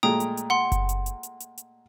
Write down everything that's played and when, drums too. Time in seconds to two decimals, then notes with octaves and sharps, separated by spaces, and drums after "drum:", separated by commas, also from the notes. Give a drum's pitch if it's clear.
0.03 A#2 G#3 A3 G5 A#5 D#6
0.20 drum: hi-hat
0.37 drum: hi-hat
0.50 F#5 C6
0.72 drum: kick F#1, hi-hat
0.89 drum: hi-hat
1.06 drum: hi-hat
1.23 drum: hi-hat
1.40 drum: hi-hat
1.58 drum: hi-hat